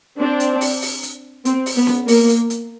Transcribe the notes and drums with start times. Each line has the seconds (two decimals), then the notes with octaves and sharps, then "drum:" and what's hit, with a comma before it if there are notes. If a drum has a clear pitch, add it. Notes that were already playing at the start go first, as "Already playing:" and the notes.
0.19 C4 D4
0.40 drum: hi-hat
0.61 drum: open hi-hat
0.82 drum: open hi-hat
1.03 drum: hi-hat
1.45 C4, drum: hi-hat
1.66 drum: open hi-hat
1.76 B3
1.87 drum: snare C#4
2.08 A#3, drum: open hi-hat
2.29 drum: hi-hat
2.50 drum: hi-hat